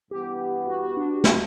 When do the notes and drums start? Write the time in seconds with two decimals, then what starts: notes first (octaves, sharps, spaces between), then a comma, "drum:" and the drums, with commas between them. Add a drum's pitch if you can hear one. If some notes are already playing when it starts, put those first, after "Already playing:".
0.11 G2 E3 B3 G4
0.67 F#4
0.83 F#4
0.97 D4
1.10 F#4
1.24 F#4, drum: snare